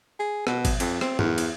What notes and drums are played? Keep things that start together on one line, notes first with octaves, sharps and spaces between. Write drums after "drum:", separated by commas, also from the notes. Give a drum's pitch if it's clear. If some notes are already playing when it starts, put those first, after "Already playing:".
G#4
B2, drum: rim click
drum: kick G#1, cymbal
F2, drum: cymbal
C4, drum: rim click
E2, drum: tom
drum: cymbal